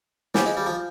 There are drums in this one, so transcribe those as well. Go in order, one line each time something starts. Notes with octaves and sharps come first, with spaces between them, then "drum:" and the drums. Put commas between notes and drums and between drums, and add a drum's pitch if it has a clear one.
G3 C5 F5 G#5, drum: snare
G#3
G3
F3